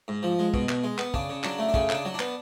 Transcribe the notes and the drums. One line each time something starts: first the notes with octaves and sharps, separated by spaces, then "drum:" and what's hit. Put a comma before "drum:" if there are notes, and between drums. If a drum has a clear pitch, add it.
G#2
F3
G#3
B2, drum: kick
B2, drum: clap
G#3
B3, drum: clap
C#3 D4, drum: kick
C#3
F#3 D4, drum: clap
A3
D4
C#3 C#4, drum: kick
C#3 D4, drum: clap
F#3
D4
B3, drum: clap